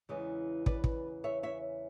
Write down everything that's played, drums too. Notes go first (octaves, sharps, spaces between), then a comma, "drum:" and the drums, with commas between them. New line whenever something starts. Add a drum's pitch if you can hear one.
E2 C#3 E3 G#3
B4 D5, drum: kick
drum: kick
C#5 E5
C#5 E5